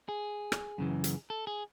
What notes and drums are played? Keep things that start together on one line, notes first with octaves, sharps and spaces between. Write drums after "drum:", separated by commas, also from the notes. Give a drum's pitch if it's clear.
G#4
drum: rim click
F#2 C#3 E3
drum: hi-hat
A4
G#4